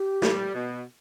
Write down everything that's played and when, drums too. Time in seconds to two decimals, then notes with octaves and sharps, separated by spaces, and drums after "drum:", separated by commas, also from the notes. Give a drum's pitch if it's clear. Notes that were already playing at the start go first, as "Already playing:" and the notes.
Already playing: G4
0.22 G3, drum: snare
0.54 B2